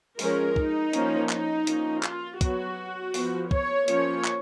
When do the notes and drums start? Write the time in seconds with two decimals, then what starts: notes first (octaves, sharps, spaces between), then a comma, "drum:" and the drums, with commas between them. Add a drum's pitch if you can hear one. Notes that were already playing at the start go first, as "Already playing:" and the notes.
0.19 F3 G#3 C#4 A#4, drum: open hi-hat
0.56 D#4, drum: kick
0.93 F3 A#3 C#4, drum: hi-hat
1.29 D#4, drum: clap
1.67 F3 A#3 C#4, drum: hi-hat
2.03 F4, drum: clap
2.41 F#3 B3 F#4, drum: kick, hi-hat
3.14 F3 B3, drum: open hi-hat
3.51 C#5, drum: kick
3.88 F3 A#3 C#4 C#5, drum: hi-hat
4.25 drum: clap